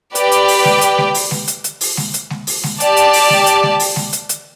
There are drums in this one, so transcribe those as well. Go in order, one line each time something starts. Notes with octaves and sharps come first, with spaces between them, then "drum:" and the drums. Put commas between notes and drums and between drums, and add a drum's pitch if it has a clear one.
G4 B4 D5 G5, drum: hi-hat
drum: hi-hat
drum: open hi-hat
drum: snare G#3
drum: hi-hat
drum: snare G#3
drum: open hi-hat
drum: snare G#3
drum: hi-hat
drum: hi-hat
drum: open hi-hat
drum: snare G#3
drum: hi-hat
drum: snare G#3
drum: open hi-hat
drum: snare G#3
G4 D5 A5, drum: hi-hat
drum: hi-hat
drum: open hi-hat
drum: snare G#3
drum: hi-hat
drum: snare G#3
drum: open hi-hat
drum: snare G#3
drum: hi-hat
drum: hi-hat